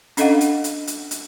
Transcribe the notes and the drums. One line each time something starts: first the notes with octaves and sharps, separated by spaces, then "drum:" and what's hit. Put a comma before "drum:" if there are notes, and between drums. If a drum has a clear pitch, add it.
C#4 D4 A4 D#5 F5 F#5, drum: hi-hat
drum: hi-hat
drum: hi-hat
drum: hi-hat
drum: hi-hat